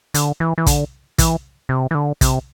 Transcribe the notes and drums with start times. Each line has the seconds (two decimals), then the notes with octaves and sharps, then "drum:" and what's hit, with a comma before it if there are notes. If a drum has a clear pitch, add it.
0.14 D3, drum: hi-hat
0.40 E3
0.58 E3
0.66 D3, drum: kick, hi-hat
1.18 E3, drum: kick, hi-hat
1.69 C3
1.91 E3
1.95 D3
2.21 C3, drum: kick, hi-hat